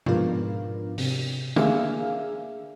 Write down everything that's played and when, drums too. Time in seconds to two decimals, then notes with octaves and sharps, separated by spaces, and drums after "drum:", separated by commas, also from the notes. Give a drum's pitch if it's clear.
0.06 G#2 F3 B3 D4 F4 A#4, drum: tom B2
0.98 C3, drum: open hi-hat
1.56 A#3 D4 G#4 E5 F5, drum: tom